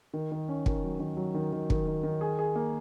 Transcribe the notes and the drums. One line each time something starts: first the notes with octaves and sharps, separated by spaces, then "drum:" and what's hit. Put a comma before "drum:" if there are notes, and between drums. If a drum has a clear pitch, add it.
D#3
D#3
C#4
D#3, drum: kick
F#3
D#3
F#3
D#3
D#3
D#3, drum: kick
D#3
D#3
G#4
G#4
A#3